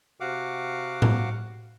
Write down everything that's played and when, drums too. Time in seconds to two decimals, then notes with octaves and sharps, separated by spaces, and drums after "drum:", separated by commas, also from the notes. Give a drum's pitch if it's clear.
0.20 C3 F#4 F5 F#5 D6
1.02 drum: tom A2